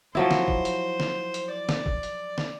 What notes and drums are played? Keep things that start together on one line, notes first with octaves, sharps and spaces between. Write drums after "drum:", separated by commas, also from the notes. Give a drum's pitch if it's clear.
F3 F#3 E4 C5
drum: snare
drum: kick
drum: hi-hat
drum: snare
drum: hi-hat
D5
drum: snare
drum: kick
drum: hi-hat
drum: snare